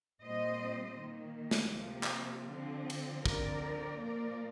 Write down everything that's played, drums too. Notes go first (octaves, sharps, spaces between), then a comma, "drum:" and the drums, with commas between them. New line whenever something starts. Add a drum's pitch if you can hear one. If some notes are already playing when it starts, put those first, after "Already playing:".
A#2 G3 C4 C5 D#5
D#3 A#3
drum: snare
C3 F3 A#3
drum: clap
D3 F3 C4
drum: cymbal
D3 F3 C4 A#4 D5, drum: kick
A#2 F3 A#3 A#4 D5